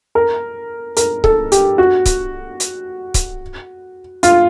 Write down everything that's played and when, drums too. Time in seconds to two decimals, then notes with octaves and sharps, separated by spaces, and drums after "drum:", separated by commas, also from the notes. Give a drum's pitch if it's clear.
0.15 A#4
0.97 A#4, drum: hi-hat
1.24 A4, drum: kick C#1
1.52 G4, drum: hi-hat
1.78 F#4
2.06 drum: kick C#1, hi-hat
2.60 drum: hi-hat
3.14 drum: kick C#1, hi-hat
4.23 F4, drum: hi-hat